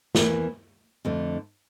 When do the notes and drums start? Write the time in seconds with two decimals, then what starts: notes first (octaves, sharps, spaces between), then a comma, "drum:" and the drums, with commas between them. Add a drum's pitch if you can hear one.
0.15 E2 E3 A#3, drum: snare
1.05 F2 D3 A3